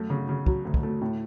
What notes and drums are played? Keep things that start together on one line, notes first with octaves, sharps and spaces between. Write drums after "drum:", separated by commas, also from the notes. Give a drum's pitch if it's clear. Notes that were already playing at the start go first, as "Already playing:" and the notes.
Already playing: F#2 A3
C#3
C#3
F#3, drum: kick
D2
drum: kick
A3
A2